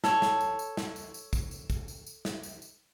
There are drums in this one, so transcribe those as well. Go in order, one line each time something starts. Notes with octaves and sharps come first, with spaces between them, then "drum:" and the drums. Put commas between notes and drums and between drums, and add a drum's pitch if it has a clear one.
A4 C#5, drum: snare
drum: snare
drum: tambourine
drum: tambourine
drum: snare
drum: tambourine
drum: tambourine
drum: kick, tambourine
drum: tambourine
drum: kick, tambourine
drum: tambourine
drum: tambourine
drum: snare
drum: tambourine
drum: tambourine